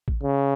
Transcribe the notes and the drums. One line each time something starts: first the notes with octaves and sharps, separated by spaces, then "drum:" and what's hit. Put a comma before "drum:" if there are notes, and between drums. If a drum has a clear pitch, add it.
drum: kick A1
C#3